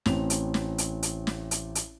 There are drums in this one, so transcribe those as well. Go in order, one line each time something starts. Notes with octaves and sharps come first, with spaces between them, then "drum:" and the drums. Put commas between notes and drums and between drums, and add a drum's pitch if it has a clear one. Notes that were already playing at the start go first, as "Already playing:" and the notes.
A1 C4 F7, drum: snare
drum: hi-hat
drum: snare
drum: hi-hat
drum: hi-hat
drum: snare
drum: hi-hat
drum: hi-hat